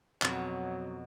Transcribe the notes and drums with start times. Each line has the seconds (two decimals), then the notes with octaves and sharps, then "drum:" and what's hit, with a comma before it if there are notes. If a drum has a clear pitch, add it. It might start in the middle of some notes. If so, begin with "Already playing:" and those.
0.22 F2 B2 F#3, drum: clap